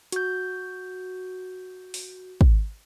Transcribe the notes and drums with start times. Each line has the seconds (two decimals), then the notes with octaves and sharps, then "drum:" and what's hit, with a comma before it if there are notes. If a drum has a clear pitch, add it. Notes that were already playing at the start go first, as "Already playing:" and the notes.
0.12 F#4 G6, drum: hi-hat
1.94 drum: open hi-hat
2.41 drum: kick